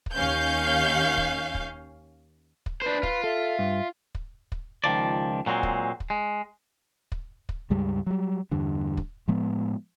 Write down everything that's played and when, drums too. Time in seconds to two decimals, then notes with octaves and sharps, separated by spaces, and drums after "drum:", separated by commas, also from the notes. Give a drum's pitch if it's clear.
0.06 drum: kick
0.16 D#2 C#4 F5 G6
1.18 drum: kick
1.55 drum: kick
2.66 drum: kick
2.82 D4 B4 C5
3.03 F4, drum: kick
3.24 A4 E5
3.59 G2
4.15 drum: kick
4.52 drum: kick
4.84 C#2 D#3 F3 D5
5.46 A#2 F#3 G#3 C4
5.63 drum: kick
6.00 drum: kick
6.10 G#3
7.12 drum: kick
7.49 drum: kick
7.70 C#2 G2 G3 G#3
8.07 F#3 G3
8.51 E2 G2 D3
8.97 drum: kick
9.28 A2 F3 G#3 B3